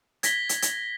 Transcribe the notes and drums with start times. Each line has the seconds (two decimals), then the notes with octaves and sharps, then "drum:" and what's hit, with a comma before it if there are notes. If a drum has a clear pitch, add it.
0.23 G#6 A#6 B6 G7, drum: hi-hat
0.49 drum: hi-hat
0.62 drum: hi-hat